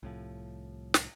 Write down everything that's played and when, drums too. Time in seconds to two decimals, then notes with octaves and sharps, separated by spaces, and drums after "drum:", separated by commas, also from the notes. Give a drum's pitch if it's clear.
0.03 C2 A2 F3
0.94 drum: snare